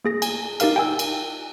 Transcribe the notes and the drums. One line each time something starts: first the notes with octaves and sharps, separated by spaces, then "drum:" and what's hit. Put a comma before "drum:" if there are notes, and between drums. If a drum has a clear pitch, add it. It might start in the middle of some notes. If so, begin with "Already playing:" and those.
A#3 G#4 A#6
G#5, drum: cymbal
D#4 G4 A#4 F5 F6, drum: cymbal
G5 G#5 E6
drum: cymbal